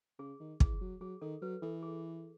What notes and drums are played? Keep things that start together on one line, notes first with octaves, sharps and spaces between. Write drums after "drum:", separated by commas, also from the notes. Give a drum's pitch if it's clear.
C#3 G#4
D#3
E3 G#4, drum: kick
F#3
F#3 G#4
D#3 A4
F#3 B4
E3 A4
G#4